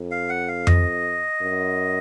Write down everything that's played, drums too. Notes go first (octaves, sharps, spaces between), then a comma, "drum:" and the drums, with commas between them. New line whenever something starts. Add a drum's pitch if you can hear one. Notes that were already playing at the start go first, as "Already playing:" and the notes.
Already playing: F2
F5
F#5
F5
D#5, drum: tom F2
F#2